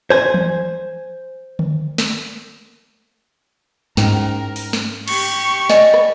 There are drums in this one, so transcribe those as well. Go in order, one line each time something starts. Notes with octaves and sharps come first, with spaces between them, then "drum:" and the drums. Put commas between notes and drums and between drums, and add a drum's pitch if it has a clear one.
C5 G#5
drum: tom E3
drum: tom D3
drum: snare
G#2 C#4 E4 A#4 G5, drum: snare
drum: open hi-hat
drum: snare
G4 C#6, drum: cymbal
D5 D#5 G#5, drum: snare
drum: rim click